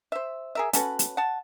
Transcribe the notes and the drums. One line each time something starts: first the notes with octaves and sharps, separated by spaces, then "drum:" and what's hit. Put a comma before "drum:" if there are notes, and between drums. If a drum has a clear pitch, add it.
C5 E5
G#4 A#4 E5
C#4 F#4 A4 B4, drum: hi-hat
drum: hi-hat
F#5 A5